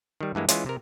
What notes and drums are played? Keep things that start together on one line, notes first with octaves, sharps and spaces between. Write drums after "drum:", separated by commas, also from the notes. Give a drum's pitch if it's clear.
D#3 G3
G2 E3 G#3 A#3
E3 G#3 C#4 F4, drum: hi-hat
C3 A#4